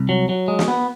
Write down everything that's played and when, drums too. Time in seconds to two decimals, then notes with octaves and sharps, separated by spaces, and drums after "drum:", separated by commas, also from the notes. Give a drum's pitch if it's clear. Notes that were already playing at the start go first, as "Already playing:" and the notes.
Already playing: C2
0.09 F#3
0.29 F#3
0.48 G#3
0.59 drum: snare
0.68 B3